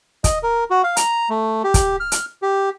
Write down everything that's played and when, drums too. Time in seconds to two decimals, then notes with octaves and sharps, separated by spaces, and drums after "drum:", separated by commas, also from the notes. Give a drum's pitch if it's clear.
0.24 D#5, drum: kick, hi-hat
0.43 A#4
0.71 F#4
0.84 F5
0.97 A#5, drum: hi-hat
1.30 A3
1.64 G4
1.74 drum: kick, hi-hat
2.00 F6
2.12 drum: hi-hat
2.42 G4